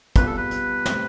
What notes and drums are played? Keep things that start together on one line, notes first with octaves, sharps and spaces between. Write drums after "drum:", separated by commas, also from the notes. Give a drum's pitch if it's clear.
E2 C3 G3 B3 F4 B4, drum: kick, hi-hat
A4
B4
drum: hi-hat
A2 G3 C4, drum: snare